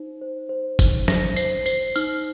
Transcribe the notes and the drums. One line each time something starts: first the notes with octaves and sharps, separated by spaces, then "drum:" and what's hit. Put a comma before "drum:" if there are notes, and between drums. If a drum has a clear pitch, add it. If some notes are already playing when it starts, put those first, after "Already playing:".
Already playing: D#4 C5
C5
C5
D#4, drum: kick, tambourine
C5 A#6, drum: snare
C5 C7, drum: tambourine
C5 C7, drum: tambourine
D#4 F6, drum: tambourine